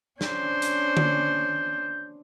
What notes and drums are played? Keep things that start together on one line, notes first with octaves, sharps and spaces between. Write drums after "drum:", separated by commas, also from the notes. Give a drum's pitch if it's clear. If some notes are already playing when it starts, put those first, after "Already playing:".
C#4 D4 C5 G6, drum: snare
drum: hi-hat
drum: tom D3